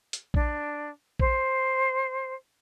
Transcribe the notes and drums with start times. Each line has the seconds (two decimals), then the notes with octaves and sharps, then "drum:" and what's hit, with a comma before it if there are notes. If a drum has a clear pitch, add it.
0.13 drum: hi-hat
0.34 D4, drum: kick A#1
1.20 C5, drum: kick A#1